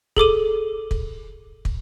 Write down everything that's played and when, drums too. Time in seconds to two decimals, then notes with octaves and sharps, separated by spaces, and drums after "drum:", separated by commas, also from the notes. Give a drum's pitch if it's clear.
0.17 G#4 A4 D6 D#7, drum: kick
0.91 drum: kick
1.65 drum: kick